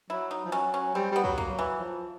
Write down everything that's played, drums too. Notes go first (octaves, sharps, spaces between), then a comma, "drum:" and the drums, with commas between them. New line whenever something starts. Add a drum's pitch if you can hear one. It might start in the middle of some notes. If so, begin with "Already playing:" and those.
F#3 E4
D#4
F3
F#3 C#4
C#4
G3 C4
G3 B3
F#3, drum: kick
A#3, drum: kick
F#3
E3
F3